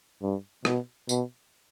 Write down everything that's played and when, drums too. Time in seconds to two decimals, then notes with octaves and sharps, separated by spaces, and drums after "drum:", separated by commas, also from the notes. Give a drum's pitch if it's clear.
0.22 G2
0.65 B2, drum: rim click
1.09 B2, drum: tambourine